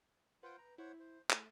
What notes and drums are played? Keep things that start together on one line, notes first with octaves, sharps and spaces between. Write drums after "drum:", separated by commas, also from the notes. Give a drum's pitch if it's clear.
F4 B4 C5 F#5 G5
A#5
E4 C5 C#5 F#5
C5
A3 E4 G#4, drum: clap